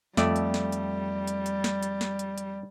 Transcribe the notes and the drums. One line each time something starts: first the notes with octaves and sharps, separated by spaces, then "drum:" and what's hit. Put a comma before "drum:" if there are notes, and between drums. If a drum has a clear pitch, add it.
F2 G3 A3 D5, drum: snare
drum: hi-hat
drum: snare
drum: hi-hat
drum: hi-hat
drum: hi-hat
drum: snare
drum: hi-hat
drum: snare
drum: hi-hat
drum: hi-hat